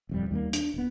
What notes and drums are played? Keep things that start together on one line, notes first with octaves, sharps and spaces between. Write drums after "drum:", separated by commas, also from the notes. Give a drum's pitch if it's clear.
D#1 F2 G3
D#2 G3 G#3 A#3
D4, drum: hi-hat
D1 B3